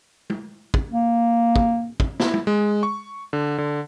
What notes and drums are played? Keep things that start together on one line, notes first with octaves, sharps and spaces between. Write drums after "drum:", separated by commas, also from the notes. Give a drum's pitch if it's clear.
drum: tom
drum: kick
A#3
drum: kick
drum: kick
E4, drum: snare
drum: tom
G#3
C#6
D3
D3